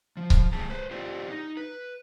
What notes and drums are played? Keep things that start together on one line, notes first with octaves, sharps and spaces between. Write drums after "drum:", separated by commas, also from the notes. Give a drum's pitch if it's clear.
F3
drum: kick C#1
C3 G#3 G#4 A5
B4 C5
F4 G4 C5 D5
D#4
B4